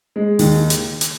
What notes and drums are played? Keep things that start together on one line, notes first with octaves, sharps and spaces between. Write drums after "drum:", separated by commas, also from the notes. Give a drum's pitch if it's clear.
G#3
D#2, drum: open hi-hat
drum: hi-hat
drum: hi-hat